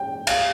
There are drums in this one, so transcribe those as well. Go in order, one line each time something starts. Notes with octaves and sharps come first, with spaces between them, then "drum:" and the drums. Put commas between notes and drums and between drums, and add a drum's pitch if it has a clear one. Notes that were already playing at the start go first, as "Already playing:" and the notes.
Already playing: G5
F5, drum: cymbal